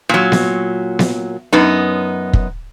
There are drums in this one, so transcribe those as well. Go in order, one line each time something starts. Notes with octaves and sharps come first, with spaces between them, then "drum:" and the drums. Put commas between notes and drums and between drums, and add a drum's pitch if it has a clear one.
A#2 F#3
drum: snare B3
drum: snare B3
F#2 B3 D#4
drum: kick